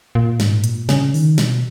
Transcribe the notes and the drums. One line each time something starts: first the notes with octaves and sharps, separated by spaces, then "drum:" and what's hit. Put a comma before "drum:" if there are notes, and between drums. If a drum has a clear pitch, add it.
A#2
G#2, drum: snare
A#2, drum: hi-hat
C#3, drum: snare
D#3, drum: open hi-hat
B2, drum: snare